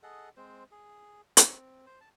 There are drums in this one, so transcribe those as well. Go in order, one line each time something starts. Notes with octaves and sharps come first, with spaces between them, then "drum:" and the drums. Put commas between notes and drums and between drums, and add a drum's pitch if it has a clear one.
G#4 A4 D#5 F#5
G#3 C4 C5
G#4
C4, drum: hi-hat
C5
A5